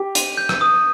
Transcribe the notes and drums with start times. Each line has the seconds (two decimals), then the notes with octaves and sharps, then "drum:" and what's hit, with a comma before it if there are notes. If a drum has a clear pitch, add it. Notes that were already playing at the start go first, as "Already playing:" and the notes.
Already playing: G4
0.15 D#7, drum: hi-hat
0.37 G6
0.49 drum: rim click
0.61 D#6